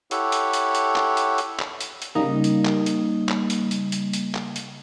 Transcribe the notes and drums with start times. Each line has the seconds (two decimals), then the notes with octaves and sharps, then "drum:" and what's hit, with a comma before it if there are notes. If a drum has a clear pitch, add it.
0.11 E4 G4 A4 C#5 F#5, drum: hi-hat
0.32 drum: hi-hat
0.53 drum: hi-hat
0.75 drum: hi-hat
0.96 drum: clap
1.17 drum: hi-hat
1.38 drum: hi-hat
1.59 drum: clap
1.81 drum: hi-hat
2.02 drum: hi-hat
2.15 C#3 G3 A#3 D#4
2.44 drum: hi-hat
2.65 drum: clap
2.86 drum: hi-hat
3.29 drum: clap
3.50 drum: hi-hat
3.71 drum: hi-hat
3.92 drum: hi-hat
4.13 drum: hi-hat
4.35 drum: clap
4.56 drum: hi-hat